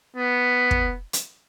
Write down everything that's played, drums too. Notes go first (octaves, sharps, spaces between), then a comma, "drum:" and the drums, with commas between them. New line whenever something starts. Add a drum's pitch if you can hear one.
B3
drum: kick
drum: hi-hat